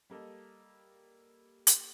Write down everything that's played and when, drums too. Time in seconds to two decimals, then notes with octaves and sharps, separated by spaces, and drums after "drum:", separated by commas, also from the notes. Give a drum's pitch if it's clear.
0.10 G3 A#3 A4 D#5
1.67 drum: hi-hat